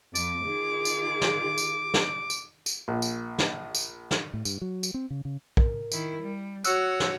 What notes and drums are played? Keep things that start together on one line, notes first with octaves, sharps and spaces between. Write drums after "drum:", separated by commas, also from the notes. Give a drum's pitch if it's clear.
F2 D6, drum: tambourine
D#3 F4 G#4
drum: tambourine
drum: snare
drum: tambourine
drum: snare
drum: tambourine
drum: tambourine
A#1
drum: tambourine
drum: snare
drum: tambourine
drum: snare
A2
G2, drum: tambourine
F#3
drum: tambourine
C4
C#3
C#3
A#4, drum: kick
D#3 E4, drum: tambourine
G3
F#4 C#5 E6 F#6, drum: tambourine
drum: snare